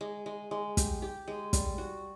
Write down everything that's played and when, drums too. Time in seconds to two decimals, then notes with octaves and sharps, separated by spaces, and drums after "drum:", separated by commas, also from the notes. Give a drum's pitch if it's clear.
0.01 G#3
0.26 G#3
0.51 G#3
0.77 G4, drum: kick, hi-hat
1.02 G4
1.28 G#3
1.53 G3, drum: kick, hi-hat
1.78 F#4